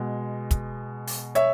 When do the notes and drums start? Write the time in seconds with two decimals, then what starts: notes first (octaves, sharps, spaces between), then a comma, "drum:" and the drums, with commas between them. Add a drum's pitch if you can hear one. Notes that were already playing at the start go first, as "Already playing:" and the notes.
Already playing: B2 G#3
0.51 drum: kick, hi-hat
1.07 drum: open hi-hat
1.35 C#5 E5, drum: hi-hat